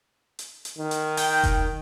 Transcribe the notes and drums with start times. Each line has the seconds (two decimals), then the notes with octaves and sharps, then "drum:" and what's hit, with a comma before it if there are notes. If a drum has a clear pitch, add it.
0.39 drum: hi-hat
0.65 drum: hi-hat
0.78 D#3
0.91 drum: hi-hat
1.17 G5, drum: open hi-hat
1.43 drum: kick E1, hi-hat